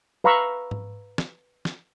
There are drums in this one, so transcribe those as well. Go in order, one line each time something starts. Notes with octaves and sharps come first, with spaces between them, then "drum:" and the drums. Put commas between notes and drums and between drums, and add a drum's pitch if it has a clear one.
B4 F5 A#5 B5 C#6 E6
drum: tom G#2
drum: snare
drum: snare